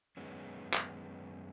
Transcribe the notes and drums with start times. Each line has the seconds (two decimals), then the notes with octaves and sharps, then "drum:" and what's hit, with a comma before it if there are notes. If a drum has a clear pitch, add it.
0.17 F#2 D#3 G#3 B3 C#4
0.73 drum: clap